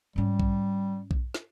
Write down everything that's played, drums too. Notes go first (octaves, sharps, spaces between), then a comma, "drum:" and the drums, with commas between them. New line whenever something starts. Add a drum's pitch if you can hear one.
G#2 G3 C#4
drum: kick B1
drum: kick B1
drum: snare